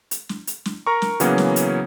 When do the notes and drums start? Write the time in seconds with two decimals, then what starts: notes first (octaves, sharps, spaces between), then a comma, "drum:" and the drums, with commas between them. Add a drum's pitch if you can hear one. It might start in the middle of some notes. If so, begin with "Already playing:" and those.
0.11 drum: hi-hat
0.29 drum: snare
0.47 drum: hi-hat
0.65 drum: snare
0.87 A#4 A#5 C#6
1.02 drum: snare
1.20 C#3 E3 F#3 A#3 B3 C#4, drum: hi-hat
1.38 drum: snare
1.56 drum: hi-hat